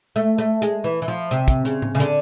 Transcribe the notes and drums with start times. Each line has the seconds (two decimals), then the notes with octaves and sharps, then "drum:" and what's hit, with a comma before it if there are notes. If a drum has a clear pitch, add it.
0.16 A3
0.38 A3
0.62 G#3, drum: hi-hat
0.84 E3
1.02 E3
1.08 F3
1.31 C3, drum: hi-hat
1.48 drum: kick, hi-hat
1.65 C#3, drum: hi-hat
1.82 drum: tom A2
1.95 C#3
2.00 D3, drum: hi-hat